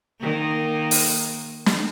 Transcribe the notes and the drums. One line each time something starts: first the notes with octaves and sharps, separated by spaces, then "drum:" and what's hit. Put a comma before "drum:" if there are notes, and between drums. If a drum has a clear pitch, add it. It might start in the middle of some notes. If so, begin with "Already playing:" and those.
D#3 A#3
drum: open hi-hat
drum: snare